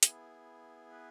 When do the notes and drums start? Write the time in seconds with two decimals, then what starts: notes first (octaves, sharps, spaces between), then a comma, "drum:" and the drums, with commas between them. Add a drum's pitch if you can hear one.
0.03 B3 E4 G#4, drum: hi-hat
0.91 B4